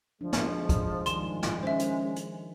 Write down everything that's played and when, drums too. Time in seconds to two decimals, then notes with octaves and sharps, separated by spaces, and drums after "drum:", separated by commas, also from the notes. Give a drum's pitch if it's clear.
0.21 D2 F3 G#3 D4
0.33 drum: snare
0.69 drum: kick, hi-hat
1.06 G2 D#3 F3 G#3 C6 E7, drum: hi-hat
1.43 drum: snare
1.63 C#4 C5 E5
1.79 drum: hi-hat
2.16 drum: hi-hat